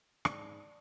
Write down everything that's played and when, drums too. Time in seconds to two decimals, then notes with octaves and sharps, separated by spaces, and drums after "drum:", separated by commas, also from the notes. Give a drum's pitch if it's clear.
0.25 G#2 D5 A5, drum: rim click